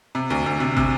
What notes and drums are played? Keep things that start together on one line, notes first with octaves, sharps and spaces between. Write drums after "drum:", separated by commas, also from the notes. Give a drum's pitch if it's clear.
C3
D2
D2
C3
C3, drum: kick